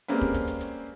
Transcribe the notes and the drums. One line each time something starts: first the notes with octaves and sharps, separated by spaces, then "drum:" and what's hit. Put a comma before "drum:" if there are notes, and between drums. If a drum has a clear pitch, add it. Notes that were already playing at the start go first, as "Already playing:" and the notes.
G3 G#3 A#3 C4 C#4 B4, drum: hi-hat
drum: kick
drum: kick, hi-hat
drum: hi-hat
drum: hi-hat